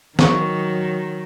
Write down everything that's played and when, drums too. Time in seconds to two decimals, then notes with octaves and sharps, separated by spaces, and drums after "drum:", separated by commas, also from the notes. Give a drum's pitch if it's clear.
0.19 D#3 F#3 A#5 C#6, drum: snare